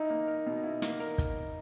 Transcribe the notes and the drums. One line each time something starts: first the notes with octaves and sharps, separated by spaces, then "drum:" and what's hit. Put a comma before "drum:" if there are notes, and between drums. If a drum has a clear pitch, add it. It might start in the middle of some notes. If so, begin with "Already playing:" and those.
Already playing: D#4 E4
A#3
A#4
B2
E4
A#3, drum: snare
A#4
drum: kick, hi-hat